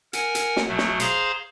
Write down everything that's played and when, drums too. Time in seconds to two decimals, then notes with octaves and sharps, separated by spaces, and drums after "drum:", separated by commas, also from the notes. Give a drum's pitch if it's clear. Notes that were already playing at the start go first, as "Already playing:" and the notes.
0.13 A#4 F#5 G#5, drum: hi-hat
0.35 drum: hi-hat
0.56 drum: snare
0.68 B2 F#3 A3
0.78 drum: snare
1.00 G#4 C5 F5 A#5 C6, drum: hi-hat